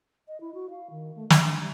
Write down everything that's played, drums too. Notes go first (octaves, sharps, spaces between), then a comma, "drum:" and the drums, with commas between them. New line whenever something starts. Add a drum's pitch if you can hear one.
D#5
E4
F#4
F5
D#3
A3
E5, drum: snare
D4
G3